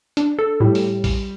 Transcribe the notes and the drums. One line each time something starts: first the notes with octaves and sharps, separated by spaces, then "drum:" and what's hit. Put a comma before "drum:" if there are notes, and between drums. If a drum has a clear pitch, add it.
D4, drum: hi-hat
A4
A2 G3
drum: open hi-hat
drum: kick, open hi-hat